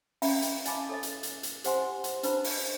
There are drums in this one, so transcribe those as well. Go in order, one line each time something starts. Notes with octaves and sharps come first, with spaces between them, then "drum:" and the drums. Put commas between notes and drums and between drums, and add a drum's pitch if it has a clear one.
C#4 E5 F5 G5 A#5 B5, drum: open hi-hat
drum: hi-hat
D#5 F5 G#5 A5 B5 D6, drum: hi-hat
A4 C#5 D#5
drum: hi-hat
drum: hi-hat
drum: hi-hat
G4 C5 F#5 G#5 C6, drum: hi-hat
drum: hi-hat
D4 B4 C5 A5 B5, drum: hi-hat
drum: open hi-hat